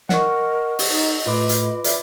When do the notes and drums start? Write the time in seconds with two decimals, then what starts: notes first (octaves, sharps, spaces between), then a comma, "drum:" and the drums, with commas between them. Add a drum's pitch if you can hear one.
0.09 A#4 D#5 F#5 C#6, drum: snare
0.79 drum: open hi-hat
0.89 D#4
1.26 A2 F4 B4 B5 D6
1.49 drum: hi-hat
1.84 D5 E5 B5, drum: hi-hat